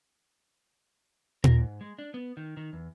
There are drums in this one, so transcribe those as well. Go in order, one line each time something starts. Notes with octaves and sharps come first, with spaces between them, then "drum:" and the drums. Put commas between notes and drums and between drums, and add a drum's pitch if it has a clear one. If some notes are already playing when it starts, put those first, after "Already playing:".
A#4, drum: tom A#2
G#2
G#3
D4
B3
D#3
D#3
E2